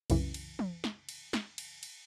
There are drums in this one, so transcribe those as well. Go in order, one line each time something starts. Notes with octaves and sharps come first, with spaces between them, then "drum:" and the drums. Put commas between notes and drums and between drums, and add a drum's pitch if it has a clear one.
C2 F#2 C#3 E3, drum: cymbal
drum: cymbal
drum: tom
drum: snare
drum: cymbal
drum: snare
drum: cymbal
drum: cymbal